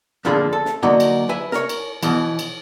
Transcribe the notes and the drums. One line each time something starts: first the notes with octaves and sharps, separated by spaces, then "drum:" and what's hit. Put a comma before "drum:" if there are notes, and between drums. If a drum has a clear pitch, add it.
F2 A#2 D3 F4 G#4 B5
A4
drum: snare
D3 F#3 A#3 D#4 F#4
drum: cymbal
B4 E5 G#5
A#4 C#5, drum: snare
drum: cymbal
B2 E3, drum: cymbal
drum: cymbal